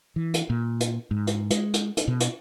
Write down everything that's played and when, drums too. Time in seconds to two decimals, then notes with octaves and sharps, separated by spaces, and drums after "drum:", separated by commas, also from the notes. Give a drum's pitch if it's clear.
0.16 E3
0.34 drum: hi-hat
0.50 A#2
0.81 drum: hi-hat
1.11 G#2
1.27 drum: hi-hat
1.50 G#3, drum: hi-hat
1.74 drum: hi-hat
1.97 drum: hi-hat
2.08 B2
2.20 drum: hi-hat